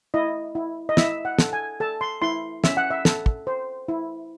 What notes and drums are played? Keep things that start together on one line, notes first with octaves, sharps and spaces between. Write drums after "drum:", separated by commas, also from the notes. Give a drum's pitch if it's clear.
E4 D#5
E4
D#5
E4 E5, drum: snare
F#5
A4, drum: snare
G#5
A4 A5
C6
E4 C6
C#4 E5, drum: snare
F#5
E5
A4, drum: snare
drum: kick
C5
E4